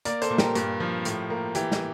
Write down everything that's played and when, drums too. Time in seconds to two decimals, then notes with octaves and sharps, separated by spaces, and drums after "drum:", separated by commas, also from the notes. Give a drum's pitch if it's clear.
0.05 A#3 A#4 D5, drum: hi-hat
0.22 A4 C5, drum: hi-hat
0.30 A#2
0.38 G4 A#4, drum: snare
0.55 G2, drum: hi-hat
0.80 F3
1.05 A2, drum: hi-hat
1.30 A#3
1.55 E3 G4, drum: hi-hat
1.72 drum: snare